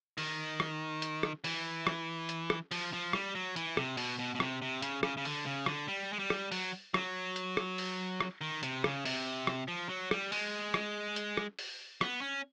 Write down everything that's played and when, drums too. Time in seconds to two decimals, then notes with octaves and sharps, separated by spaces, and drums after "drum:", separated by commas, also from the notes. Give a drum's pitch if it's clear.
0.18 D#3, drum: open hi-hat
0.60 drum: rim click
1.02 drum: hi-hat
1.23 drum: rim click
1.44 E3, drum: open hi-hat
1.87 drum: rim click
2.29 drum: hi-hat
2.50 drum: rim click
2.71 F3, drum: open hi-hat
2.93 F3
3.13 G3, drum: rim click
3.35 F#3
3.56 E3, drum: hi-hat
3.77 C3, drum: rim click
3.97 B2, drum: open hi-hat
4.19 B2
4.35 B2
4.40 C3, drum: rim click
4.62 C3
4.82 C#3, drum: hi-hat
5.03 C#3, drum: rim click
5.17 C#3
5.25 D3, drum: open hi-hat
5.46 C#3
5.66 D3, drum: rim click
5.88 G3
6.13 G#3
6.19 G3
6.30 drum: rim click
6.52 F#3, drum: open hi-hat
6.94 F#3, drum: rim click
7.36 drum: hi-hat
7.57 drum: rim click
7.78 drum: open hi-hat
8.20 drum: rim click
8.41 D#3
8.63 C3, drum: hi-hat
8.84 C#3, drum: rim click
9.05 C3, drum: open hi-hat
9.47 drum: rim click
9.68 F3
9.89 F#3
10.11 G3, drum: rim click
10.32 G#3, drum: open hi-hat
10.74 drum: rim click
11.16 drum: hi-hat
11.37 drum: rim click
11.59 drum: open hi-hat
12.01 B3, drum: rim click
12.21 C#4